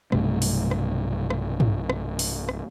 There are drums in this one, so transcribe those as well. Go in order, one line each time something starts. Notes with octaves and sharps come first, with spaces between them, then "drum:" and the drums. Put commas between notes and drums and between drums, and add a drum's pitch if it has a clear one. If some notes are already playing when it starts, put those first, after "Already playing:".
B1 G2 C3 A3, drum: rim click
drum: open hi-hat
drum: rim click
drum: rim click
drum: tom
drum: rim click
drum: open hi-hat
drum: rim click